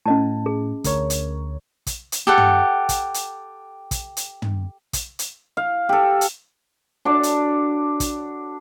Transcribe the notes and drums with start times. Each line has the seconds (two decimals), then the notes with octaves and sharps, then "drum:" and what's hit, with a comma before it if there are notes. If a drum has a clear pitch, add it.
0.06 A2 C#4 D#5 A5
0.46 G#4
0.84 D2 A#4 C#5, drum: kick, hi-hat
1.10 drum: hi-hat
1.87 drum: kick, hi-hat
2.12 drum: hi-hat
2.27 G4 A4 F#5
2.38 drum: tom
2.89 drum: kick, hi-hat
3.14 drum: hi-hat
3.91 drum: kick, hi-hat
4.17 drum: hi-hat
4.42 drum: tom
4.93 drum: kick, hi-hat
5.19 drum: hi-hat
5.57 F5
5.89 G4 A4
6.21 drum: hi-hat
7.05 D4 F#4 A4 D5
7.23 drum: hi-hat
8.00 drum: kick, hi-hat